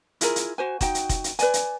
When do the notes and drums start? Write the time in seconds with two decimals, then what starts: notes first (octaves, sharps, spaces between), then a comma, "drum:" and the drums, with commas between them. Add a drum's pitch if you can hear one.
0.21 E4 F4 G#4 A#4, drum: hi-hat
0.36 drum: hi-hat
0.58 F#4 C5 G#5
0.81 D#4 F#4 G5, drum: kick F1, hi-hat
0.95 drum: hi-hat
1.09 drum: kick F1, hi-hat
1.24 drum: hi-hat
1.39 B4 D5 G#5, drum: hi-hat
1.54 drum: hi-hat